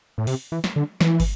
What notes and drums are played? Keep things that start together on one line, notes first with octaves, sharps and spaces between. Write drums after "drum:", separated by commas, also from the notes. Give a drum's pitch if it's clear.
A2
C3, drum: open hi-hat
E3
drum: snare
D3
E3, drum: snare
drum: kick, open hi-hat